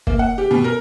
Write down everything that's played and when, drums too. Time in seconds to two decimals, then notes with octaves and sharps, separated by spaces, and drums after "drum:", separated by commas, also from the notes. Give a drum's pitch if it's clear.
0.07 A#3, drum: kick
0.19 F#5
0.38 G4
0.51 B2
0.64 A#4